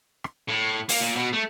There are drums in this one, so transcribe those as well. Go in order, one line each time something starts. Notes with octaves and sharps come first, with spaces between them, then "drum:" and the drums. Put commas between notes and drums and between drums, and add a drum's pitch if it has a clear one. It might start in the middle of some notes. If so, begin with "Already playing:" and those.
drum: rim click
A2
A#3, drum: open hi-hat
A#2
B2
A3